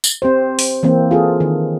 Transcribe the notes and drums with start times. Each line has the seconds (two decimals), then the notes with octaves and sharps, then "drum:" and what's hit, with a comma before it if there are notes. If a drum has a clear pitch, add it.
0.04 drum: tambourine
0.22 C4 G4 C5
0.59 drum: open hi-hat
0.83 E3 A#3 C4
1.11 F4 G#4 A4
1.40 D#3